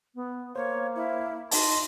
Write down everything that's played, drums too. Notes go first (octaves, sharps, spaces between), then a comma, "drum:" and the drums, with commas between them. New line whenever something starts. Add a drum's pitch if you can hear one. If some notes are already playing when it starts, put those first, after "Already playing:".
B3
A#3 C5 C#5 F5
E4
D#4 D#5 A5 C6, drum: open hi-hat